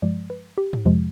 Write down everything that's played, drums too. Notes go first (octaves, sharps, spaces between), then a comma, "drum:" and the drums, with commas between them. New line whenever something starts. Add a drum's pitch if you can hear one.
G2 F3 G#3 D5
B4
G4
drum: tom G#2
F2 C3 F3 G#3